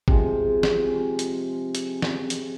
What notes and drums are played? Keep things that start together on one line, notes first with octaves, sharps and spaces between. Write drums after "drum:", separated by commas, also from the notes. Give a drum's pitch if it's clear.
C3 F3 G#3, drum: kick G#1
drum: snare
drum: hi-hat
drum: hi-hat
drum: snare
drum: hi-hat